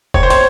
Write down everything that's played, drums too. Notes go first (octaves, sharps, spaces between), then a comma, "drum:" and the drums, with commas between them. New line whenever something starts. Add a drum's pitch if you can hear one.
C#5, drum: kick F1
C5
C#5, drum: hi-hat